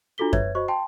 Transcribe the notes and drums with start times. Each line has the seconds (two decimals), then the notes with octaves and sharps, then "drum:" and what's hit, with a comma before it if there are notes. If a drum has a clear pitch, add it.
0.18 D4 F4 F#4 A4 B6 G7
0.33 B4 C#5 E5 G#6, drum: kick F#2
0.55 F#4 C5 D#5 C#6
0.68 G5 A5 C6